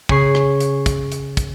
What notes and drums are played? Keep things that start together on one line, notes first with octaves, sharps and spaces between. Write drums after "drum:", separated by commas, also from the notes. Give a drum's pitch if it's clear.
C#3 G#4 C#6 C7, drum: kick
drum: rim click
drum: hi-hat
drum: kick, hi-hat
drum: hi-hat
drum: kick, hi-hat